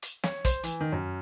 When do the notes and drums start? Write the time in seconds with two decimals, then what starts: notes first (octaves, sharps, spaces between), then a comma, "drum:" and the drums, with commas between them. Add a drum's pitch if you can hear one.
0.02 drum: hi-hat
0.24 C#5, drum: snare
0.45 C5, drum: kick, hi-hat
0.63 E3, drum: hi-hat
0.81 D#3
0.92 F#2